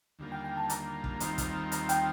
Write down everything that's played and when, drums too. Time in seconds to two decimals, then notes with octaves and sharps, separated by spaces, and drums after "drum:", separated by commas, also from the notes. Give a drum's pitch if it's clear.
0.19 D#2 D3 G3 A#3 F4
0.32 G5
0.44 G5
0.57 A5
0.70 A#5, drum: hi-hat
1.04 drum: kick
1.20 D#2 D#3 G3 C4 F4, drum: hi-hat
1.38 drum: kick, hi-hat
1.72 A#5, drum: hi-hat
1.89 G5, drum: hi-hat